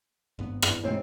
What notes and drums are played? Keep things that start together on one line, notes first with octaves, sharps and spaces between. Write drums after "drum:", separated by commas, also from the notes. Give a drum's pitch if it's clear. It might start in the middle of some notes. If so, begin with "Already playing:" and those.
G#1 G2 B3
drum: rim click
E2 G#2 C3 C4